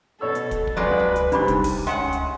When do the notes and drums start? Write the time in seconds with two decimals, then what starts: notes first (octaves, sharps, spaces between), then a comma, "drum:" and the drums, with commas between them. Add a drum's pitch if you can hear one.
0.21 B2 A4 C#5 E6
0.35 drum: hi-hat
0.51 drum: kick, hi-hat
0.67 drum: kick
0.77 F2 F#3 G#3 B4 D5
1.00 drum: tom C#2
1.16 drum: hi-hat
1.32 C3 D#3 G3 C4 D4 B5 D6, drum: hi-hat
1.48 drum: kick, hi-hat
1.64 drum: kick, open hi-hat
1.87 G#3 C#4 F#5 G5
1.96 drum: tom C#2
2.13 drum: hi-hat